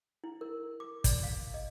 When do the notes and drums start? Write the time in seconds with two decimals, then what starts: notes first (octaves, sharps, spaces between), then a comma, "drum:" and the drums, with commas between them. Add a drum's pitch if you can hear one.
0.24 E4
0.41 A#4
0.80 D6
1.04 D5, drum: kick, hi-hat
1.23 F5
1.54 D#5